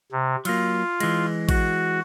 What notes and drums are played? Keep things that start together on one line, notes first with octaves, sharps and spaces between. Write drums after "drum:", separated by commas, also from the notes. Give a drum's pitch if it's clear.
C3
F#3 A#3 F4, drum: cymbal
E3 G#3, drum: cymbal
F#4, drum: kick A1, cymbal